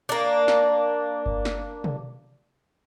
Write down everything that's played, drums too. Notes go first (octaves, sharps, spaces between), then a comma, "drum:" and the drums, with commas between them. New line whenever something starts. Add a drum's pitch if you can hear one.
A#3 D4
drum: snare
drum: kick G1
drum: snare
drum: tom